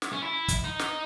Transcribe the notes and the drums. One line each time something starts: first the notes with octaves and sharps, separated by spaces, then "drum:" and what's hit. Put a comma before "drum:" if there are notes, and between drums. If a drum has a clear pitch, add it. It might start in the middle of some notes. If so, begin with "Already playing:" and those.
drum: snare
C#4
E4
drum: kick, hi-hat
D#4
drum: snare